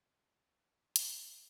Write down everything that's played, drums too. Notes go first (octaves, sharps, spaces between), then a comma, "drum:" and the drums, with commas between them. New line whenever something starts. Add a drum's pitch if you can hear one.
G#5
A5
D6
C#6
D6
D6
F6, drum: hi-hat
F6
F#6